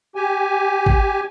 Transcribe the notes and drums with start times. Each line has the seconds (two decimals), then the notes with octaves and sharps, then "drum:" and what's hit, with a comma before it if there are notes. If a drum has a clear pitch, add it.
0.15 G4 G#5
0.86 drum: kick G#1